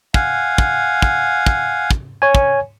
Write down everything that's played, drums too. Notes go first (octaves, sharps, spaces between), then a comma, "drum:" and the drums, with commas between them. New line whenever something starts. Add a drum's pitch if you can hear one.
F5 F#5 G#5, drum: kick
drum: kick
drum: kick
drum: kick
drum: kick
C#5 G#5
drum: kick